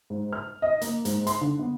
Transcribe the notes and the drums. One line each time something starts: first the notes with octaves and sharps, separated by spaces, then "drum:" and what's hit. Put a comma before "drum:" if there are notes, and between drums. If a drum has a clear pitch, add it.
G#2
F6
D#5
A#3, drum: hi-hat
G#2, drum: hi-hat
C6, drum: hi-hat
D3
B3